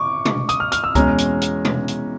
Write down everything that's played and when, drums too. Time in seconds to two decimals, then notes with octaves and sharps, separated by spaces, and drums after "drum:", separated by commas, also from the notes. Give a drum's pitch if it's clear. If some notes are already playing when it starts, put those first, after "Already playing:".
Already playing: C#6 D6
0.25 drum: tom
0.49 D#6, drum: hi-hat
0.60 F6
0.72 F6, drum: hi-hat
0.84 E6
0.95 E2 B2 G#3 C#4 E4 A#5, drum: kick C#2, hi-hat
1.18 drum: hi-hat
1.42 drum: hi-hat
1.65 drum: tom
1.88 drum: hi-hat